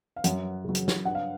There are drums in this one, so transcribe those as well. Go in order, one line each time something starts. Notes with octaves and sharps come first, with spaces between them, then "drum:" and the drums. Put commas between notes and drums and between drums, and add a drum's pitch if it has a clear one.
F5
F#2 F#5, drum: hi-hat
C#3 F#3
drum: hi-hat
drum: snare
G2 F#5
F5